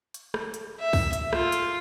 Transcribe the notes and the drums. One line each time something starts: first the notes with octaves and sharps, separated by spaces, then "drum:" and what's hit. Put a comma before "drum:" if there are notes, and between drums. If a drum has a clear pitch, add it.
drum: hi-hat
drum: rim click
drum: hi-hat
E5
drum: kick, open hi-hat
drum: hi-hat
F4, drum: rim click
drum: hi-hat